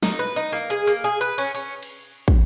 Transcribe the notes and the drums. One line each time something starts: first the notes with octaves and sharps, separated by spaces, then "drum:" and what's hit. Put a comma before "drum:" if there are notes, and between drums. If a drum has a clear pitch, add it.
D#4, drum: snare
B4
D#4
A#3
G#4
A#3
G#4
B4
C#4, drum: cymbal
C#4
drum: cymbal
drum: kick